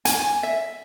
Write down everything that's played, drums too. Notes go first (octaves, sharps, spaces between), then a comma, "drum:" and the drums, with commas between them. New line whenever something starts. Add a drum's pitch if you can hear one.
G#5, drum: hi-hat
E5